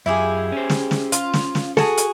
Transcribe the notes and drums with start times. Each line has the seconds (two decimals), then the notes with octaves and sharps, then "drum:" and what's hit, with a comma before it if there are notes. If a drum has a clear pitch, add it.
0.06 F#2 E4 F4 G4 G#4
0.52 C#4 C5
0.70 drum: snare
0.91 drum: snare
1.12 F4, drum: hi-hat
1.33 drum: snare
1.55 drum: snare
1.77 F#4 G#4 A4 A5, drum: snare
1.97 drum: hi-hat